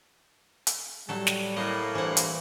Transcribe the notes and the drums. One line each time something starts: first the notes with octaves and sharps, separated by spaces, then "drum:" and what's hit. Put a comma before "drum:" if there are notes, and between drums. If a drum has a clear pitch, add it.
drum: hi-hat
A2 F#3 G3 A4
drum: snare
A2 A#3 D#5 F#5
G2 E3 C5 F#5
drum: hi-hat